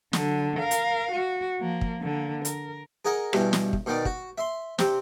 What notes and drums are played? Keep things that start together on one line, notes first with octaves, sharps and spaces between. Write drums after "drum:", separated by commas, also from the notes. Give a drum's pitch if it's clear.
D3 F#3, drum: snare
A#4 F5
drum: hi-hat
F#4
F3 A#3
drum: kick
D3 A#3
A#4, drum: hi-hat
G#4 A#4 D#5 F#5
G2 B2 E3, drum: rim click
drum: snare
drum: kick
B2 D#3 B3 D5
F#4, drum: kick
E5 C6
C3 C4, drum: snare